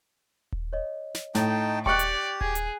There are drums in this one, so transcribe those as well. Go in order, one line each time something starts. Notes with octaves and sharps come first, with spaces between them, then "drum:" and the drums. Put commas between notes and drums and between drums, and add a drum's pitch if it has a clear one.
drum: kick D#1
C#5 D#5
drum: snare
A2 D#4 A4 D#5 G5 A5, drum: snare
G4 D5 G5 C#6 F#6 C#7, drum: kick D#1
drum: hi-hat
G#4 G#6, drum: kick D#1
drum: hi-hat